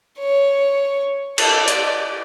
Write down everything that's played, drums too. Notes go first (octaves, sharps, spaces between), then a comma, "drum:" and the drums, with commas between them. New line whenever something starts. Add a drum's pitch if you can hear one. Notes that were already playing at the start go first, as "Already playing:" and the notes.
C#5
A4, drum: cymbal
D5, drum: hi-hat